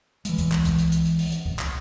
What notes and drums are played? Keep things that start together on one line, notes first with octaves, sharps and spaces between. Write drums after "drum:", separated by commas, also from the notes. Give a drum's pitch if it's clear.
E3 G#3, drum: hi-hat
drum: kick C2, hi-hat
drum: clap
drum: kick C2, hi-hat
drum: hi-hat
drum: hi-hat
drum: hi-hat
drum: open hi-hat
drum: hi-hat
drum: kick C2
drum: clap